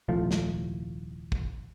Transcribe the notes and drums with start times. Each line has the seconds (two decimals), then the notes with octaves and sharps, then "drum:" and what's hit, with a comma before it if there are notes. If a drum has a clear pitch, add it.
0.08 D#1 C2 F3 A3
0.31 drum: snare
1.32 drum: kick